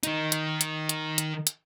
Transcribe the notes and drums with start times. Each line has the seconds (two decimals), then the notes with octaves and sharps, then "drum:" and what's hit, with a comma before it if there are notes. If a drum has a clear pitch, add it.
0.03 D#3 D#4, drum: hi-hat
0.32 drum: hi-hat
0.61 drum: hi-hat
0.89 drum: hi-hat
1.18 drum: hi-hat
1.47 drum: hi-hat